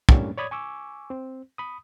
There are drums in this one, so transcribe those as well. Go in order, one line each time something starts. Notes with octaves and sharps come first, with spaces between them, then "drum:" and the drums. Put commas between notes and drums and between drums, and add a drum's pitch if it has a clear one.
F#2 A2 G3 A#3 C#4 D4, drum: kick
C#5 D5 B5 D#6 G#6
G#5 C#6 D6 E6
C4
B5 D#6